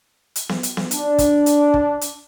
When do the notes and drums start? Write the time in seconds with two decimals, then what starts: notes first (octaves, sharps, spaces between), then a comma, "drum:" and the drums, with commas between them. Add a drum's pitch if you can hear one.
0.36 drum: hi-hat
0.49 drum: snare B3
0.63 drum: hi-hat
0.77 drum: snare B3
0.91 D4, drum: hi-hat
1.18 drum: kick, hi-hat
1.46 drum: hi-hat
1.74 drum: kick
2.01 drum: hi-hat